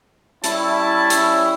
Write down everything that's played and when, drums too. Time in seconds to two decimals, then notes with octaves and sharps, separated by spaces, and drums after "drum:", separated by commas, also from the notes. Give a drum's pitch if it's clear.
0.44 G3 C#4 E4 A5, drum: hi-hat
1.10 drum: hi-hat